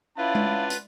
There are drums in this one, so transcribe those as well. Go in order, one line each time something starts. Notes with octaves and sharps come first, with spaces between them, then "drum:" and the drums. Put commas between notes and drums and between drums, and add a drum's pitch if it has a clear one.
C#4 E4 F4 B4 D5 F5 F#5 A5
drum: tom G#3
drum: hi-hat